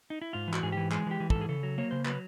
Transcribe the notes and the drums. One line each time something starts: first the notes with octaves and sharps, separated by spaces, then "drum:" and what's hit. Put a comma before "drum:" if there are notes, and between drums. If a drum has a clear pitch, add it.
D#4
E4
G#2 F4
E3
F#4, drum: clap
G#2 G#4
E3 G4
G#3 G#4, drum: clap
E3 G4
E3
G#2 A4, drum: kick
G#4
C#3 A4
F#3
A#3 C#5
C#3 C5
F#3 B4, drum: clap